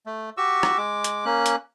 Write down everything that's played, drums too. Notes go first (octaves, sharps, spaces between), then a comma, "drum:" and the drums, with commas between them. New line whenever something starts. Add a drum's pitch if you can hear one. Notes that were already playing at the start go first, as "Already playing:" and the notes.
A3
F#4 G4 C#6 E6
drum: rim click
G#3 D6
drum: hi-hat
A#3 C#4 F#6
drum: hi-hat